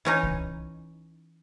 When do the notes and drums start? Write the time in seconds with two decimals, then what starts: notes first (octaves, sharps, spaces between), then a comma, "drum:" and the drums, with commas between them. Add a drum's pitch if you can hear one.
0.05 E3 C#4 D#4
0.23 drum: kick C2